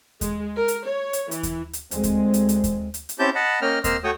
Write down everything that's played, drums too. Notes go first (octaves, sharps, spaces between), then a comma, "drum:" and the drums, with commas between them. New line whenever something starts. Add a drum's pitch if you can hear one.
G#3, drum: kick D#2, hi-hat
A#4
drum: hi-hat
C#5
drum: hi-hat
E3, drum: hi-hat
drum: kick D#2, hi-hat
drum: hi-hat
D2 G#3 C4, drum: hi-hat
drum: kick D#2, hi-hat
drum: hi-hat
drum: hi-hat
drum: kick D#2, hi-hat
drum: hi-hat
drum: hi-hat
C4 C#4 E4 G4 A5 G6
D#5 F#5 A5 B5
A#3 C#4 D#5 G5 F6
A#3 C4 D#5 C6 E6 F6, drum: kick D#2, hi-hat
A3 F#4 C#5 G5 D#6